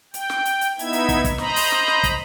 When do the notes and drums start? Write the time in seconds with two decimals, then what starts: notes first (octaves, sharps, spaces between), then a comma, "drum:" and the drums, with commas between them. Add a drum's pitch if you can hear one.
0.14 G5, drum: hi-hat
0.30 drum: snare
0.45 drum: hi-hat
0.61 drum: hi-hat
0.79 B3 D#4 E4 E5 G#6, drum: hi-hat
0.93 drum: hi-hat
1.09 drum: kick, hi-hat
1.24 drum: kick, hi-hat
1.38 C5 D#5 A#5 B5, drum: snare
1.56 drum: open hi-hat
1.72 drum: snare
1.88 drum: snare
2.03 drum: kick, hi-hat